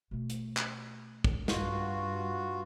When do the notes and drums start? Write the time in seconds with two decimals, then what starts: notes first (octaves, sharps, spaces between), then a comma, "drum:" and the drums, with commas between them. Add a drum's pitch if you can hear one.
0.11 B2 A3
0.30 drum: hi-hat
0.57 drum: clap
1.24 drum: kick
1.48 G2 F4 F#4, drum: snare